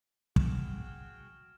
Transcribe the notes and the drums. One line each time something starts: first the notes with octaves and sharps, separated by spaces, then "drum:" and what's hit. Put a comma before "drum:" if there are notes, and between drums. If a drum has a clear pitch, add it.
F#4 G#4 G5 F6 E7, drum: kick
F6 E7